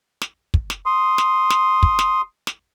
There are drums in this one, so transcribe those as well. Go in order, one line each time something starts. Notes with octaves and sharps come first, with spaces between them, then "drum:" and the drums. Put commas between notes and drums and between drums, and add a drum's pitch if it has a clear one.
drum: snare
drum: kick
drum: snare
C6 D#6
drum: snare
drum: snare
drum: kick
drum: snare
drum: snare